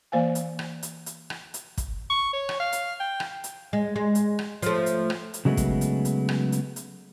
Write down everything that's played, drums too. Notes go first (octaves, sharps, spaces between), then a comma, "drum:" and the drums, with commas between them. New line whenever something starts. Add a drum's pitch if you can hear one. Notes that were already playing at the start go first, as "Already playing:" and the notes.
E3 A#3 C5 F5 G#5
drum: hi-hat
drum: rim click
drum: hi-hat
drum: hi-hat
drum: rim click
drum: hi-hat
drum: kick, hi-hat
C#6
C#5
drum: rim click
F5
drum: hi-hat
G5
drum: rim click
drum: hi-hat
G#3
G#3
drum: hi-hat
drum: rim click
F3 A3, drum: hi-hat
drum: hi-hat
drum: rim click
drum: hi-hat
C#3 F#3 G#3 A3 B3
drum: kick, hi-hat
drum: hi-hat
drum: hi-hat
drum: rim click
drum: hi-hat
drum: hi-hat